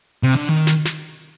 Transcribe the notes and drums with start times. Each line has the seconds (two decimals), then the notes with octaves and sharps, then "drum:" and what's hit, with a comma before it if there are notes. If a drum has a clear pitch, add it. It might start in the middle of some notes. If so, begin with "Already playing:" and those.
0.23 C3
0.36 D3
0.48 D#3
0.67 drum: snare
0.85 drum: snare